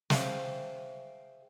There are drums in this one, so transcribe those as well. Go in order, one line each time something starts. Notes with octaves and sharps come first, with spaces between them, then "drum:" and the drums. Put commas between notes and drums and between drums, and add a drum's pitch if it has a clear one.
G#4 C5 E5 F5 G5, drum: snare